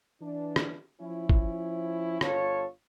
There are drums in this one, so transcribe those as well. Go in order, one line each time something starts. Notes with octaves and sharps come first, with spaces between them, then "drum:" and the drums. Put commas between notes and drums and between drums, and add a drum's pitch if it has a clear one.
E3 D4
drum: rim click
F3 C#4 E4
drum: kick
G1 F4 A4 C#5, drum: rim click